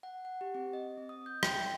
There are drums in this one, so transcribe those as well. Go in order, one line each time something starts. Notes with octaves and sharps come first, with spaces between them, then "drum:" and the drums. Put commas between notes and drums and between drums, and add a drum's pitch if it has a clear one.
F#5
F#5
G4
C4
D#5
C4
D#6
G6
G5, drum: rim click
E5